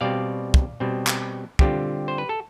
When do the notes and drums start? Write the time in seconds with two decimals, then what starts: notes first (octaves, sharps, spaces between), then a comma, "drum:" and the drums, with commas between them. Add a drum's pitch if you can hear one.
0.01 B2 G3 C4 D5 F5
0.54 drum: kick
0.80 B2 G3 C4
1.07 drum: clap
1.59 D3 G3 C4 F4 G4, drum: kick
2.08 C5
2.18 B4
2.29 A4